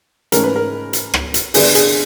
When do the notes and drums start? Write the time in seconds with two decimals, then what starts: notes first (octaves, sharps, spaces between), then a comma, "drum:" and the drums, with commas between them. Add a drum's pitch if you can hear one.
0.32 G#2 E3 A3 C#4 A#4, drum: hi-hat
0.44 B4
0.56 A#4
0.93 drum: hi-hat
1.14 drum: rim click
1.34 drum: hi-hat
1.54 G2 D3 G3 B3 D4 G#4, drum: open hi-hat
1.75 G#4, drum: hi-hat